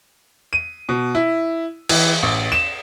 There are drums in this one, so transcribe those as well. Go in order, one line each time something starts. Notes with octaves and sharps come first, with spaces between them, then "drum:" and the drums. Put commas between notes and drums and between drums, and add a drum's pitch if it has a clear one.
D#7
B2
E4
E3, drum: cymbal
A1
E7